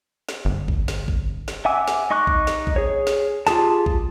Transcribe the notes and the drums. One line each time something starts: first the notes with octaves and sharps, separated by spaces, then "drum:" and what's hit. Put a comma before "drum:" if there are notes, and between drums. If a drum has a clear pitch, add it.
drum: snare
G1
drum: kick A#1
drum: snare
drum: kick A#1
drum: snare
E5 F#5 G#5 D6 E6
drum: snare
D#4 D#5 C#6 D6 F#6
drum: kick A#1
drum: snare
drum: kick A#1
G#4 C#5
drum: snare
F4 G4 G#4 A5, drum: snare
drum: kick A#1